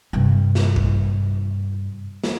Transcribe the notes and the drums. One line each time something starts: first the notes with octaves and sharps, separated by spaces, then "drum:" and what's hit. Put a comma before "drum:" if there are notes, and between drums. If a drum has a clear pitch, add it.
G2 C3
drum: snare
drum: kick A1
drum: snare